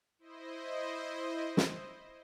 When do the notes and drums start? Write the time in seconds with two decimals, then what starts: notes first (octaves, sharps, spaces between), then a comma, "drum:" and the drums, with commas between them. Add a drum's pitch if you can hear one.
0.19 E4 C5 D#5
1.57 drum: snare